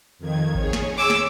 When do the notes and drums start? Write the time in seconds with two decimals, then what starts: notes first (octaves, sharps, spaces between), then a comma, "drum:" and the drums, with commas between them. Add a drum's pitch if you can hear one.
0.19 F2 D#3 G#6
0.55 G#4 C#5, drum: kick G#1
0.73 drum: snare
0.97 D6 E6
1.10 drum: snare